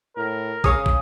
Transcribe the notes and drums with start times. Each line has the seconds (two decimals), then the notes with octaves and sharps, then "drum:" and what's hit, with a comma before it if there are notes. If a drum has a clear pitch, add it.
0.17 A2 A#4
0.64 C#3 G#4 C#5 F5 D#6, drum: kick
0.86 drum: kick